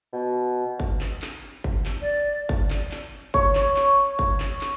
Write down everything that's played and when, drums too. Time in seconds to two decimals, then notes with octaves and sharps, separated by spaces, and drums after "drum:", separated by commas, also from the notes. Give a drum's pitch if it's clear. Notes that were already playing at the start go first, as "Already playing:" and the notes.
0.13 B2
0.80 drum: kick G1
1.01 drum: clap
1.22 drum: clap
1.64 drum: kick G1
1.86 drum: clap
2.02 D5
2.49 drum: kick G1
2.70 drum: clap
2.92 drum: clap
3.34 C#5, drum: kick G1
3.55 drum: clap
3.76 drum: clap
4.19 drum: kick G1
4.40 drum: clap
4.61 drum: clap